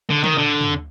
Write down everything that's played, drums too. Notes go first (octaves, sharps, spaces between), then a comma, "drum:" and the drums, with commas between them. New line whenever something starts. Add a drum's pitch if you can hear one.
D3
D#3, drum: tom
D3
drum: tom